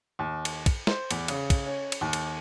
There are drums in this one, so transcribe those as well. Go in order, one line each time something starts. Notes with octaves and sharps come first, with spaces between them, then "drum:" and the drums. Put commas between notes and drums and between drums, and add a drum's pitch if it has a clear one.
D#2
drum: cymbal
drum: kick, cymbal
C5, drum: snare
E2, drum: cymbal
C#3, drum: cymbal
drum: kick, cymbal
C#4
drum: cymbal
D#2
drum: cymbal